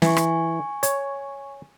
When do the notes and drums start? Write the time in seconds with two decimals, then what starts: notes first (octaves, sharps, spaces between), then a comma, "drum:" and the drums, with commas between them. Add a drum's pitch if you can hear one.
0.02 E3 G#5 C#6, drum: snare
0.17 drum: rim click
0.83 C#5, drum: hi-hat